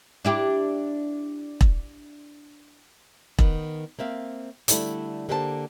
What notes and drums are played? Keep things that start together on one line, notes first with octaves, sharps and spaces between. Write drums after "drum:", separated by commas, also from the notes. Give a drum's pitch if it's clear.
D4 E4 G4
drum: kick E1
D#3 B3, drum: kick E1
A#3 C4 E5 F5
D3 G3 A3 E4 A4, drum: hi-hat
D3 A#3 G4 C5 E5 A5